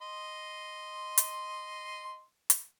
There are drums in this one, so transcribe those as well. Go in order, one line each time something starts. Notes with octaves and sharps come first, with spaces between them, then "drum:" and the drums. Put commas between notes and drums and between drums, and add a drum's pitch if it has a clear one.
D#5 C6
drum: hi-hat
drum: hi-hat